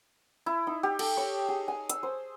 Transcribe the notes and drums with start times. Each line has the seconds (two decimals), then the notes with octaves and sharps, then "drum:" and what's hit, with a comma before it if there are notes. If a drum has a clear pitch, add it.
0.46 E4
0.67 D#4
0.83 G4
0.99 A4, drum: cymbal
1.17 C#5
1.48 G#4
1.68 G#5
1.90 E6, drum: hi-hat
2.03 C5